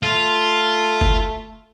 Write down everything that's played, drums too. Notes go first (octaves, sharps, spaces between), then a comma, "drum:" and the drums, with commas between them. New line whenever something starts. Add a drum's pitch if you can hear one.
A3 F4
drum: kick F#1